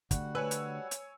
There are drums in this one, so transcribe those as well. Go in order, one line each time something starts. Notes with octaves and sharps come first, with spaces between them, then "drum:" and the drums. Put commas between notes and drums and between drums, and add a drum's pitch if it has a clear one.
D3 G3 A3 F#4 F#5, drum: kick, hi-hat
B4 C#5 G#5 E6
drum: hi-hat
drum: hi-hat